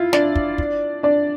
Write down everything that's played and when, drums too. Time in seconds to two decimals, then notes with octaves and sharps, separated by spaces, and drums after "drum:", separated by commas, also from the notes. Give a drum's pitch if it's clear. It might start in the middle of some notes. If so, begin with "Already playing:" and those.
Already playing: E4 F4
0.13 D4 D5, drum: snare
0.36 drum: kick
0.58 drum: kick
1.03 D4 D5